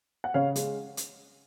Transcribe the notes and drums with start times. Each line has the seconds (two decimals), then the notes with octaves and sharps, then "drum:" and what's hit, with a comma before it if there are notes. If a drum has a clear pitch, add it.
0.24 F#5
0.34 C#3 C#5 F5
0.56 G#3, drum: hi-hat
0.97 drum: hi-hat